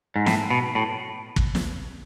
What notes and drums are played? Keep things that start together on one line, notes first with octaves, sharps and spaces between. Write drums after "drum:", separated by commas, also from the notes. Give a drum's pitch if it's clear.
G#2
A2, drum: snare
B2
A2
drum: kick
drum: snare